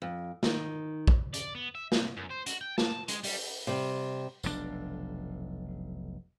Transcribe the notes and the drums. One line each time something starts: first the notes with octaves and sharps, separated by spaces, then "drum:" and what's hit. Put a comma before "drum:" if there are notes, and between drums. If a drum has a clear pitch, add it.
F2
D#3, drum: snare
drum: kick
D5, drum: hi-hat
B3
E5
C2, drum: snare
F#2
C5
F#4, drum: hi-hat
G5
A5, drum: snare
G#3, drum: hi-hat
G3, drum: open hi-hat
C3 G3
F1 B1 G#2 D4, drum: tambourine